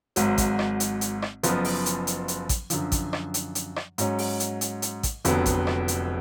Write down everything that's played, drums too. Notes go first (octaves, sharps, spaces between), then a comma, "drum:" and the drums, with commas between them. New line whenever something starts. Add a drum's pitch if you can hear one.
G#1 G#2 F#3, drum: hi-hat
drum: kick A1, hi-hat
drum: rim click
drum: hi-hat
drum: hi-hat
drum: rim click
F#1 F#2 F3 B3 F4, drum: hi-hat
drum: open hi-hat
drum: hi-hat
drum: hi-hat
drum: hi-hat
drum: kick A1, hi-hat
F#2 D3 F3, drum: hi-hat
drum: kick A1, hi-hat
drum: rim click
drum: hi-hat
drum: hi-hat
drum: rim click
G#2 F#3 C#4, drum: hi-hat
drum: open hi-hat
drum: hi-hat
drum: hi-hat
drum: hi-hat
drum: kick A1, hi-hat
F1 F2 D3 F#3 B3, drum: hi-hat
drum: kick A1, hi-hat
drum: rim click
drum: hi-hat